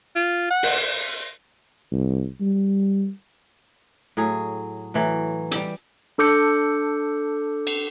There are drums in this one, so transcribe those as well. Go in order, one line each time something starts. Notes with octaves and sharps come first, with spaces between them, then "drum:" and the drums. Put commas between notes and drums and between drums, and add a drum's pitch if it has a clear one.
F4
F#5
drum: open hi-hat
C2
G3
A2 F#3 G#4
A2 E3 F#3
G3 G4, drum: hi-hat
D4 A4 D6 G6 C#7
drum: cymbal